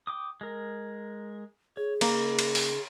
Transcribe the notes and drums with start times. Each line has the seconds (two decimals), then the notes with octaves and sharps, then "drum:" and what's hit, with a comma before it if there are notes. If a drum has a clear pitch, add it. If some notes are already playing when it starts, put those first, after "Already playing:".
0.07 G5 D6 D#6
0.41 G#3 A#4
1.77 G#4 C#5
2.01 C#3 A#3 D#4 B4, drum: cymbal
2.39 drum: cymbal
2.55 drum: open hi-hat